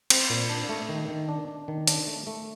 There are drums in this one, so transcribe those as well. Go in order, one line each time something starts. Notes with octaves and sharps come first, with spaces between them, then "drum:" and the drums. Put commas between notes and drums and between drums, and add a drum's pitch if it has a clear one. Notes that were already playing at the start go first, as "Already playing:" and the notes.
C4, drum: cymbal
A#2
D4
A3
D#3
D#3
D4
D4
D#3
D4, drum: hi-hat
A3
A3